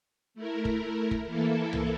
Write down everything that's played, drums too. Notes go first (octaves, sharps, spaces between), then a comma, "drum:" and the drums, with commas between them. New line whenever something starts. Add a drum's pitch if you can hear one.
A3 E4 A#4
drum: kick
drum: kick
E3 A#3 E4 A4
drum: tom C2